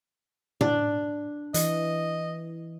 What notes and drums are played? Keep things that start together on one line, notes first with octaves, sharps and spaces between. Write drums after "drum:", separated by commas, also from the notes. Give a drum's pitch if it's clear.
D4, drum: tom A2
E3 D#5, drum: hi-hat